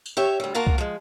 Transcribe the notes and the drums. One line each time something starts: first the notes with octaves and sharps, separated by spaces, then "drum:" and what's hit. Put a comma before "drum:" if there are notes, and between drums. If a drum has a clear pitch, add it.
drum: tambourine
G4 C#5 E5
D2 G3
A#3 F4 F#4 A#4 A5
drum: kick C2
F3 G#3